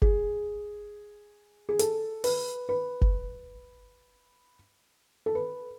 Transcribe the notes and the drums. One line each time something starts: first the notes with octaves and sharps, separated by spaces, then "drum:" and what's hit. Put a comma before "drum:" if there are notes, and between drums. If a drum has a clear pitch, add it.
G#4, drum: kick F#1
G#4
A4, drum: hi-hat
B4, drum: open hi-hat
B4
drum: kick F#1
A4
B4